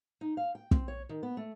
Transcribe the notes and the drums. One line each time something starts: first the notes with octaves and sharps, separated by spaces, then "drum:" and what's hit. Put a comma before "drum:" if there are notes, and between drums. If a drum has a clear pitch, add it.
D#4
F5
G5
C4, drum: kick
C#5
D#3
B3
A3